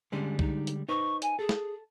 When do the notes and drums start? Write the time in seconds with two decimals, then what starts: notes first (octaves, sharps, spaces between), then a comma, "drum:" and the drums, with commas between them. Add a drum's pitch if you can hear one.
0.12 D3 G3 G#3 C#4
0.39 D#4, drum: kick C2
0.67 drum: hi-hat
0.89 D#4 B4 C5 C#6
1.22 G#5, drum: hi-hat
1.39 G#4 A4
1.49 drum: snare